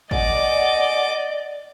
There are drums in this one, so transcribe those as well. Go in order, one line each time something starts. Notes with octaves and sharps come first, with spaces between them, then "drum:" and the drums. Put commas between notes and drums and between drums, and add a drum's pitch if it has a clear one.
D5 D#5 F#5 G#5 D6, drum: kick G#1